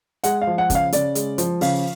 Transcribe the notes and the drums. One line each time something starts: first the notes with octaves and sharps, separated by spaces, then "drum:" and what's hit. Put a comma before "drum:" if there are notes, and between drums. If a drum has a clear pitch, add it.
G#3 F#5, drum: hi-hat
F5
F3
F#5
C#3, drum: kick, hi-hat
F5
C#3 D5, drum: hi-hat
G#3, drum: hi-hat
F3, drum: hi-hat
C#3 F5, drum: open hi-hat